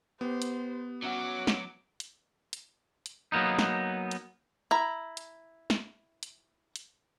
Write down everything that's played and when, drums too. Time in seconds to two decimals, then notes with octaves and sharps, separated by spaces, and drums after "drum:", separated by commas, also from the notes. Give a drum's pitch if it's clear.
0.21 B3 G4 C5
0.42 drum: hi-hat
1.03 F#3 C#4 E5 F#5 D6
1.47 drum: snare
2.00 drum: hi-hat
2.53 drum: hi-hat
3.06 drum: hi-hat
3.32 F#3 A#3 B3 D#4
3.59 drum: snare
4.11 drum: hi-hat
4.71 E4 A#5
5.17 drum: hi-hat
5.70 drum: snare
6.23 drum: hi-hat
6.76 drum: hi-hat